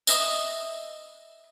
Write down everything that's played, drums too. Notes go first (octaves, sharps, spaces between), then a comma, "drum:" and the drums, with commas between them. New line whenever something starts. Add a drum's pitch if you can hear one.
D#5 E5 D#6, drum: tambourine